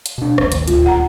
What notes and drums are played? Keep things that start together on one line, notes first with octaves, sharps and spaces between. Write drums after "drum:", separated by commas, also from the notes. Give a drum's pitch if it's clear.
drum: hi-hat
B2 D4
D#1 G#1 F2, drum: rim click
D#2 A2, drum: hi-hat
D#1 G#1 D2 F4, drum: hi-hat
F#5 A#5